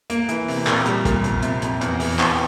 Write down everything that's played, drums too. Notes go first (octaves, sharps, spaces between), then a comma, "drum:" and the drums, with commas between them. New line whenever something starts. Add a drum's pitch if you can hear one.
A#3, drum: hi-hat
E3, drum: hi-hat
C3, drum: open hi-hat
A#2, drum: clap
G3, drum: hi-hat
A#2, drum: kick, hi-hat
F2, drum: hi-hat
C3, drum: hi-hat
F2, drum: hi-hat
E2, drum: hi-hat
E3, drum: open hi-hat
E2, drum: clap